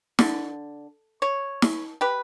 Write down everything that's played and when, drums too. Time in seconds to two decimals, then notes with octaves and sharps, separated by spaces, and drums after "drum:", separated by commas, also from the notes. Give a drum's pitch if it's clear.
0.19 D3, drum: snare
1.22 C#5
1.62 drum: snare
2.01 G4 B4